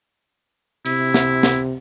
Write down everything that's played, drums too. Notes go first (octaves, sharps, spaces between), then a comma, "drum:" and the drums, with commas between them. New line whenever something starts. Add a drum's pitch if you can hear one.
C3 E4, drum: cymbal
drum: snare
drum: snare